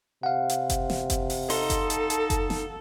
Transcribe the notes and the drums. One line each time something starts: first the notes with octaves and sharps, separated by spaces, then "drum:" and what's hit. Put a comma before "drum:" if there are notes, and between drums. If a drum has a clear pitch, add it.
C3 F5 F#5
drum: hi-hat
drum: kick F#1, hi-hat
drum: snare
drum: kick F#1, hi-hat
drum: open hi-hat
D#4 A4 D#5 C6, drum: open hi-hat
drum: kick F#1, hi-hat
drum: hi-hat
drum: hi-hat
drum: kick F#1, hi-hat
drum: snare